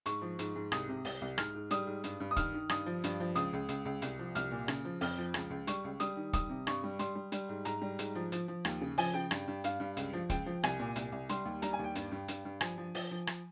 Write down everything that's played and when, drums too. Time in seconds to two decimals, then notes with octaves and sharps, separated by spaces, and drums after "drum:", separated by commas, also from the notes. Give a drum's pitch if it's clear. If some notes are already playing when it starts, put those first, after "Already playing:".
0.06 G#2 C#6, drum: hi-hat
0.22 F3
0.39 G#2, drum: hi-hat
0.55 G#2
0.72 C2 D#6, drum: rim click
0.89 C3
1.05 C2, drum: open hi-hat
1.21 C2
1.38 G#2 F6, drum: rim click
1.55 G#2
1.71 G3 D#6, drum: hi-hat
1.87 G#2
2.04 G2, drum: hi-hat
2.20 G2
2.31 D#6
2.36 D#3 F6, drum: kick, hi-hat
2.54 D#3
2.69 G2 D#6, drum: rim click
2.86 F3
3.04 G2, drum: hi-hat
3.20 F3
3.36 C#2 D#6, drum: hi-hat
3.53 C#2
3.69 C#2, drum: hi-hat
3.85 C#2
4.02 C2, drum: hi-hat
4.19 F3
4.35 C2 F6, drum: hi-hat
4.51 A#2
4.68 C#3, drum: rim click
4.85 F3
5.01 F2 F6, drum: open hi-hat
5.18 F3
5.34 C#2, drum: rim click
5.50 C#2
5.67 G3 C#6, drum: hi-hat
5.84 C#2
6.00 G3 D#6, drum: hi-hat
6.17 D#3
6.33 G3 D#6, drum: kick, hi-hat
6.49 C3
6.67 G2 C#6, drum: rim click
6.84 G3
6.99 G3 C6, drum: hi-hat
7.15 G3
7.32 G3, drum: hi-hat
7.49 G#2
7.65 G#2 A#5, drum: hi-hat
7.82 G3
7.99 G#2, drum: hi-hat
8.15 F3
8.32 F3, drum: hi-hat
8.48 F3
8.65 D#2, drum: rim click
8.81 C#3
8.98 F3 G#5, drum: open hi-hat
9.14 C#3 G5
9.31 G2, drum: rim click
9.48 G2
9.64 G2 F5, drum: hi-hat
9.80 G2
9.97 C#2, drum: hi-hat
10.13 F3
10.30 C#2 G5, drum: kick, hi-hat
10.46 F3
10.63 C2 G#5, drum: rim click
10.80 A#2
10.96 C2, drum: hi-hat
11.12 C2
11.29 G3 C6, drum: hi-hat
11.45 D#2
11.62 G3 A#5, drum: hi-hat
11.73 G#5
11.79 D#2
11.84 G5
11.95 G2, drum: hi-hat
12.12 G2
12.28 G2, drum: hi-hat
12.45 G2
12.61 F3 G#5, drum: rim click
12.78 F3
12.95 F3, drum: open hi-hat
13.11 F3
13.27 drum: rim click